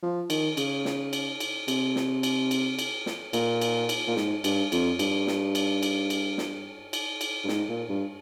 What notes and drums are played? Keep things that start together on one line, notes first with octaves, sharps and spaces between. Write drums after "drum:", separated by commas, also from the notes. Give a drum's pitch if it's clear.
F3
D#3, drum: cymbal
C#3, drum: cymbal
drum: snare
drum: cymbal
drum: cymbal
C3, drum: cymbal
drum: snare
drum: cymbal
drum: cymbal
drum: cymbal
drum: snare
A#2, drum: cymbal
drum: cymbal
drum: cymbal
A#2
G#2, drum: snare
G2, drum: cymbal
F2, drum: cymbal
G2, drum: cymbal
drum: snare
drum: cymbal
drum: cymbal
drum: cymbal
drum: snare
drum: cymbal
drum: cymbal
G2
G#2, drum: snare
A#2
G2